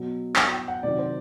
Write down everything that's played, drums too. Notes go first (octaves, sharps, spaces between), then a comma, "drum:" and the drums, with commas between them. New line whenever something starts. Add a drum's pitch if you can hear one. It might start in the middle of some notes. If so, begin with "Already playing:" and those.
Already playing: B2 F#3
G5, drum: clap
G5
F#5
C3 D#3 F#3 D5
C5